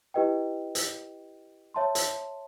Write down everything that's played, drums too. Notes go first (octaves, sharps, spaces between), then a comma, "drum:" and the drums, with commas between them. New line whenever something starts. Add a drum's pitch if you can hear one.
E4 G4 B4 D#5 G5
drum: hi-hat
C#5 E5 A5 C6
drum: hi-hat